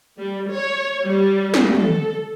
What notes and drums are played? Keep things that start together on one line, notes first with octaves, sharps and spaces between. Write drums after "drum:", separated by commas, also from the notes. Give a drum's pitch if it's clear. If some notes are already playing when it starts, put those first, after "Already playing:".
G3
C#5
G3
drum: snare
A4, drum: tom